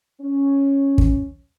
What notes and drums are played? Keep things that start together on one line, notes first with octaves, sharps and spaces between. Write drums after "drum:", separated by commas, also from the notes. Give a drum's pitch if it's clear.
C#4
drum: kick